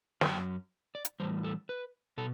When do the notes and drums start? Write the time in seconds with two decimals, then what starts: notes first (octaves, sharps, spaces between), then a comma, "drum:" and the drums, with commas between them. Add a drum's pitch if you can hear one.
0.21 F#2 F#3 G5, drum: snare
0.95 D5
1.05 drum: hi-hat
1.20 A2 E3 G3 C5
1.44 A4
1.69 B4
2.18 B2 A4